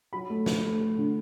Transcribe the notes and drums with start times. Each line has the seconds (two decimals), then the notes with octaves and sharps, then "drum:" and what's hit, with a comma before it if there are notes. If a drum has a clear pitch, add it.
0.13 F#3 B5
0.30 A3
0.46 D3, drum: snare
0.64 A3
0.80 A3
0.98 D3